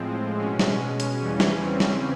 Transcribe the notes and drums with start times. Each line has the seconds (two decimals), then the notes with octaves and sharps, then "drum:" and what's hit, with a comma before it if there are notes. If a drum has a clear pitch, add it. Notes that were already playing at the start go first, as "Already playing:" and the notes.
Already playing: A2 F3 G#3 C4
0.39 B2 G#3 C#4
0.59 drum: snare
1.00 drum: hi-hat
1.20 E2 C#3 E3 G3 C#4
1.40 drum: snare
1.60 C4
1.80 drum: snare